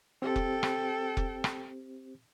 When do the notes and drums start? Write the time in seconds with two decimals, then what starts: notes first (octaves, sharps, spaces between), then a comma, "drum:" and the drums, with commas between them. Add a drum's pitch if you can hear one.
0.22 C4 G4 A4 C5 G5
0.36 drum: kick F1
0.63 drum: rim click
1.17 drum: kick F1
1.44 drum: rim click